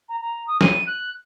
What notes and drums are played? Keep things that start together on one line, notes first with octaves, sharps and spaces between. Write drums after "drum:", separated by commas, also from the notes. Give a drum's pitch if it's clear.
A#5
A#5
D#6
D#7, drum: snare
F#6